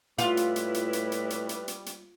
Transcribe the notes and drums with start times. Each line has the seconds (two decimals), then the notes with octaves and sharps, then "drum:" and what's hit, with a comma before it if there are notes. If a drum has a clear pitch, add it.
0.18 A2 G3 E4 F4 B4, drum: hi-hat
0.37 drum: hi-hat
0.56 drum: hi-hat
0.74 drum: hi-hat
0.93 drum: hi-hat
1.12 drum: hi-hat
1.30 drum: hi-hat
1.49 drum: hi-hat
1.68 drum: hi-hat
1.86 drum: hi-hat